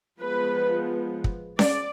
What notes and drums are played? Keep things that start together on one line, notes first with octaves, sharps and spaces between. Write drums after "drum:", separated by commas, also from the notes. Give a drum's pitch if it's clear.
F3 G#3 B3 B4
drum: kick
D5, drum: snare C#4